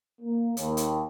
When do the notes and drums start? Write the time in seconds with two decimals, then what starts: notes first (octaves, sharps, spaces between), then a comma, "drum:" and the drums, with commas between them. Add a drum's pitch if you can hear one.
0.21 A#3
0.57 D#2, drum: hi-hat
0.77 drum: hi-hat